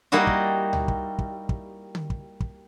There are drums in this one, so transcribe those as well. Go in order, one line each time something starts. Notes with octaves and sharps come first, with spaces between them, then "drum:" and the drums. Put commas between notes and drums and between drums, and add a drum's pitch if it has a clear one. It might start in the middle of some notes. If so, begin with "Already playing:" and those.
G3 A#3 D#4 E4 F#4
drum: kick
drum: tom C#2
drum: kick
drum: kick
drum: kick
drum: tom D3
drum: kick
drum: kick